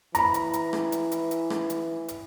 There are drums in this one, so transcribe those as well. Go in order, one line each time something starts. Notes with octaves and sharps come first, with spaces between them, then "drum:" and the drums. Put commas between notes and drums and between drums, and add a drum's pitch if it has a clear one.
E3 A#5 B5, drum: hi-hat
drum: hi-hat
drum: hi-hat
drum: rim click
drum: hi-hat
drum: hi-hat
drum: hi-hat
drum: rim click
drum: hi-hat
drum: hi-hat